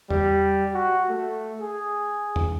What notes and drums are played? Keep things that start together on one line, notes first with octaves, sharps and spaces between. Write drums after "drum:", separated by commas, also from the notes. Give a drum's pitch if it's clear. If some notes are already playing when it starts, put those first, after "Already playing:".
G3, drum: tom E2
F#4
A3
G#4
drum: tom E2